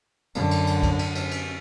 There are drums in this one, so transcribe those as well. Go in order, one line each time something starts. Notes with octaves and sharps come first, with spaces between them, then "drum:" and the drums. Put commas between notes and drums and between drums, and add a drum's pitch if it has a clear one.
F#2 D3, drum: cymbal
drum: cymbal
drum: cymbal
drum: kick B1, cymbal
drum: cymbal
drum: cymbal
drum: cymbal